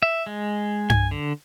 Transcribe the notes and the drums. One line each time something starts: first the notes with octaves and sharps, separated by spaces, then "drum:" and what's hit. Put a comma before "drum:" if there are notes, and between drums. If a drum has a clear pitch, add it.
E5
G#3
G#5, drum: tom G2
D3